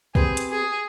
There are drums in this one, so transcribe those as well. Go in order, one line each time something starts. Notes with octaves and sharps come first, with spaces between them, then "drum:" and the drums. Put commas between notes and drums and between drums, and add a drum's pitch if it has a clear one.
C4 G4 G#4 B4, drum: kick
drum: hi-hat
G#4